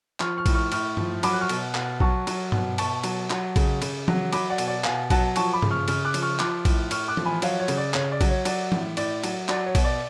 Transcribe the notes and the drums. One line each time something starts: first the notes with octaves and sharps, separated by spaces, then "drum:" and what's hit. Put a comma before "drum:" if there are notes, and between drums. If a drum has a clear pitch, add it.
F3 C#6 F6, drum: clap
C#6 F6
A2, drum: kick A#1, cymbal
C#6 F6
A2 C#6 F6, drum: cymbal
F3, drum: tom G2
F#3 B5 D6, drum: cymbal
F#6
C#6 F6
B2, drum: cymbal
B2, drum: clap
F#3 A5 C#6, drum: kick A#1
F#3, drum: cymbal
B2, drum: tom G2
B2 A5 C#6, drum: cymbal
F#3, drum: cymbal
F#3, drum: clap
C#3, drum: kick A#1, cymbal
C#3, drum: cymbal
F#3, drum: tom E3
F#3 B5 D6, drum: cymbal
D5 F#5
B2, drum: cymbal
D5 F#5
B2 F5 G#5, drum: clap
F#3 F#5 A5, drum: kick A#1, cymbal
F3 A5 C#6, drum: cymbal
B5 D6
C#3, drum: tom G2
C#6 F6
C#3 C#6 F6, drum: cymbal
D6 F#6
F3, drum: cymbal
C#6 F6
F3 D6 F#6, drum: clap
A2, drum: kick A#1, cymbal
A2 C#6 F6, drum: cymbal
D6 F#6
F3, drum: tom E3
G#5 B5
F#3 C#5 F5, drum: cymbal
C#5
C#3, drum: cymbal
D5
C#3 C#5, drum: clap
D5
F#3, drum: kick A#1, cymbal
C#5
F#3 D5, drum: cymbal
A2, drum: tom E3
A2 D5, drum: cymbal
F#3, drum: cymbal
F#3 D5, drum: clap
C#5
B2, drum: kick A#1, cymbal
D5